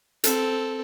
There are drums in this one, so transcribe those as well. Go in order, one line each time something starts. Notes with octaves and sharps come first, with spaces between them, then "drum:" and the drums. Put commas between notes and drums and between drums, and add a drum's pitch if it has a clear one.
C4 A4, drum: hi-hat